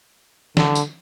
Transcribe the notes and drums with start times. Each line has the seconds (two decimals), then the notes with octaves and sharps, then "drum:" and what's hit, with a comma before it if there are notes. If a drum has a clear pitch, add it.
0.57 D3, drum: snare
0.75 drum: tambourine